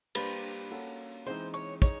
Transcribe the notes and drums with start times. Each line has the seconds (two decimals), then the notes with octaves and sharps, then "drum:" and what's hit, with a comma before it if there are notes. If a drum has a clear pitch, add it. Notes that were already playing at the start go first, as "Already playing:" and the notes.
0.15 G3 A#3 D4 G4 B4 C5, drum: cymbal
0.71 A#3 C#4 F#4 A4
1.27 E3 G#3 C4 D#4 C5
1.54 C#5
1.82 D#4 G#4 C#5, drum: kick